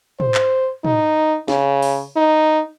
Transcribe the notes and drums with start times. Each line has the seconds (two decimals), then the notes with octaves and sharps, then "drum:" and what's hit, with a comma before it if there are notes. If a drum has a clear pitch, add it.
0.20 C5, drum: tom
0.35 drum: clap
0.85 D#4, drum: tom
1.48 C#3, drum: snare
1.82 drum: open hi-hat
2.17 D#4